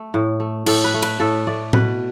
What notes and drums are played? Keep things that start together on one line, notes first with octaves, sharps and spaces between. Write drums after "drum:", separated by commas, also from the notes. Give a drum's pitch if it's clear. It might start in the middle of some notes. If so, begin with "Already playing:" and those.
Already playing: A3
A2
A3
A2 A4, drum: cymbal
B4
A3
B4, drum: cymbal
A2 A4
A3 D5
B2 B4, drum: tom A2